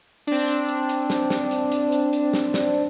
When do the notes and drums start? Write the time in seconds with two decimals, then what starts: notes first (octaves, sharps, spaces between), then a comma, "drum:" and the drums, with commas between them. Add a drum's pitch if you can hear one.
0.27 C4 D4
0.48 drum: hi-hat
0.69 drum: hi-hat
0.89 drum: hi-hat
1.10 drum: snare
1.30 drum: snare
1.51 drum: hi-hat
1.72 drum: hi-hat
1.92 drum: hi-hat
2.13 drum: hi-hat
2.33 drum: snare
2.54 drum: snare